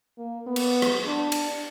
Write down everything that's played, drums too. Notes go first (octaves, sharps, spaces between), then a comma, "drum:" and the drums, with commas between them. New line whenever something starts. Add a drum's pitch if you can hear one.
A#3
B3
drum: cymbal
drum: rim click
D4
drum: cymbal